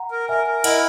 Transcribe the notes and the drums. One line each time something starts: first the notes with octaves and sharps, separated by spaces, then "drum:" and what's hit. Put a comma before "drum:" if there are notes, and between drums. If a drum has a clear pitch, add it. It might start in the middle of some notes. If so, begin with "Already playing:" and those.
Already playing: F#5 A#5
A#4
A#4 E5 G#5
A#4
E4 D#5 F#5, drum: cymbal